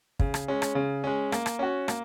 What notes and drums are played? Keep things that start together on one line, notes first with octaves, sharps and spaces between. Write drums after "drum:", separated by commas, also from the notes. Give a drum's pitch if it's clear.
C#3, drum: kick
drum: rim click
G#3 C#4
drum: rim click
C#3
G#3 C#4
A#3, drum: rim click
drum: rim click
C#4 F#4
A#3, drum: rim click